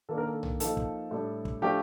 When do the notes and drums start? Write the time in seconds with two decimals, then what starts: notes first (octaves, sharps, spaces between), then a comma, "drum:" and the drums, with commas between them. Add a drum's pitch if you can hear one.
0.09 D#3 A#3 D4 A4
0.18 A#4
0.26 A4
0.43 drum: tom B1
0.60 F3 A#3 D#4 A4, drum: hi-hat
0.77 drum: kick
1.11 A2 G3 D4
1.45 drum: kick
1.62 F3 A3 D4 G4